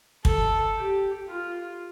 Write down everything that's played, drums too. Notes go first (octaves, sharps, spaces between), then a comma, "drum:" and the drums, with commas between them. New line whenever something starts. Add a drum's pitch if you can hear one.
A4, drum: kick
G4
F4